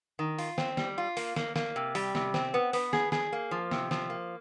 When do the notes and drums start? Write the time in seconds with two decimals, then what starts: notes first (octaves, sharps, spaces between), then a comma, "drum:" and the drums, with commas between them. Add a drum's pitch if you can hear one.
0.19 D#3
0.39 F4, drum: open hi-hat
0.58 C4, drum: snare
0.77 G3, drum: snare
0.98 F4
1.17 A#3, drum: open hi-hat
1.36 A#3, drum: snare
1.56 A#3, drum: snare
1.76 C3
1.95 G3, drum: open hi-hat
2.15 C3, drum: snare
2.34 C4, drum: snare
2.54 B3
2.73 B3, drum: open hi-hat
2.93 G#4, drum: snare
3.12 G#4, drum: snare
3.33 A#3
3.51 F3
3.71 C3, drum: snare
3.91 F3, drum: snare
4.10 A#3